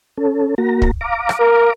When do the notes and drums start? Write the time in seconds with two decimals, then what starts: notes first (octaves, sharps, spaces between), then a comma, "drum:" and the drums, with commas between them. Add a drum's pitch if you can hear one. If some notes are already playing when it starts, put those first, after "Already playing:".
0.17 C#4 A4
0.58 A#3 F#4 A#5
0.82 drum: kick
1.01 F5 A#5 D6
1.29 drum: rim click
1.40 A#4